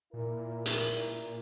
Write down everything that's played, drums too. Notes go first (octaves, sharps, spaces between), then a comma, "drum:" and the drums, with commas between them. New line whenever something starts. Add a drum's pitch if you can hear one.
A#2 E4 A#4
drum: hi-hat